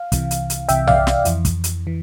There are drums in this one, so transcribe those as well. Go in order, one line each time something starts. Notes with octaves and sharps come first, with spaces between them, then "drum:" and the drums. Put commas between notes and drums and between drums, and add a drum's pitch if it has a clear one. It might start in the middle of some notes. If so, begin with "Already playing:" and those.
Already playing: F5
C2 C3 E3, drum: kick, hi-hat
drum: hi-hat
drum: hi-hat
C2 C3 E3 E5 G5, drum: hi-hat
D5 F5, drum: tom B1
drum: snare
F2 E3, drum: hi-hat
drum: kick, hi-hat
drum: hi-hat
E3